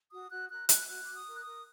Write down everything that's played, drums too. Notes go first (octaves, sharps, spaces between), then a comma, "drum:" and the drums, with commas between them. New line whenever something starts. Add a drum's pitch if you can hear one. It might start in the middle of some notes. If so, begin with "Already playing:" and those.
F#4 D#6
F#4 F#6
A#4 F#6
A#4 F#6, drum: hi-hat
F#4 F#6
D6
F#4
D#6
A#4
F#6
D#6
A#4